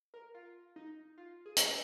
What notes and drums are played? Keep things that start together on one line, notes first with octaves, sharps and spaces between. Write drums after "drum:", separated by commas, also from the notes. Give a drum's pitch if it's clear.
A#4
F4
D#4
F4
G#4
drum: hi-hat